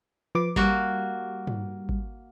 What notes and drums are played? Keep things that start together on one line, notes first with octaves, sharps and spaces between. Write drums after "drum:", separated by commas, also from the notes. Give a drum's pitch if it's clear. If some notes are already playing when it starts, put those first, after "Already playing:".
F3 B4 D6
G3 A#3 F#4, drum: kick G#1
drum: tom
drum: kick G#1